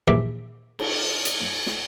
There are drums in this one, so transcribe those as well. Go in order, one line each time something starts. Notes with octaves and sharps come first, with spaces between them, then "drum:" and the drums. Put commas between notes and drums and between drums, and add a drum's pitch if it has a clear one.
A#1 D#2 E3 E5 D6
drum: cymbal
drum: hi-hat
drum: snare